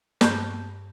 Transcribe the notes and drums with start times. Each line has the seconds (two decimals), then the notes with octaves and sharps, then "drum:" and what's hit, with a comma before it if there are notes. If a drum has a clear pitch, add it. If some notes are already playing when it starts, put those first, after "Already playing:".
0.21 G2 A5 F#6 G6, drum: snare